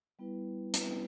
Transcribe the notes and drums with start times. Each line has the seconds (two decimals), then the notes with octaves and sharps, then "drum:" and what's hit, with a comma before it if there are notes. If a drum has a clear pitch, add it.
0.19 G3 B3 E4 B4
0.74 G3 B3 E4 B4, drum: hi-hat